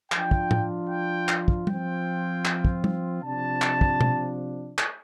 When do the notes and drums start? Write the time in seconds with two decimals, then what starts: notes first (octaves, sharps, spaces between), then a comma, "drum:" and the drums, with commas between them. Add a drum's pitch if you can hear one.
0.12 F3 D4 F4 G5, drum: clap
0.31 drum: kick
0.51 drum: tom A2
0.89 G5
1.28 drum: clap
1.48 drum: kick
1.67 F3 C4 F4 G5, drum: tom
2.45 drum: clap
2.65 drum: kick
2.84 drum: tom
3.22 C3 F3 D4 A5
3.62 drum: clap
3.81 drum: kick
4.01 drum: tom B2
4.78 drum: clap